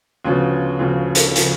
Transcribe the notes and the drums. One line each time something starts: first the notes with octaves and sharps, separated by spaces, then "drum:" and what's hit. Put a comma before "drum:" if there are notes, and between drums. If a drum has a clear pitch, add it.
D2 C#3 F3 B3
D2 C#3 F3
drum: hi-hat
C#3 F3, drum: hi-hat